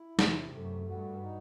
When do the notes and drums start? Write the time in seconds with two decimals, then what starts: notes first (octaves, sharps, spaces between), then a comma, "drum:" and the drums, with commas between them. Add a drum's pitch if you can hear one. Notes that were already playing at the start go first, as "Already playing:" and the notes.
Already playing: E4
0.19 E2 C3, drum: snare
0.53 F#2 A3
0.88 G2 F#4
1.23 D#4